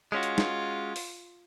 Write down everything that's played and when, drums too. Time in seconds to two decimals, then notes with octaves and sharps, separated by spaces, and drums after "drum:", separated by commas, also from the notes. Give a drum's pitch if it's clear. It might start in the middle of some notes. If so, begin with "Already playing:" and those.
0.12 G#3 C#4 F4 F#4
0.23 drum: hi-hat
0.38 drum: snare
0.96 drum: open hi-hat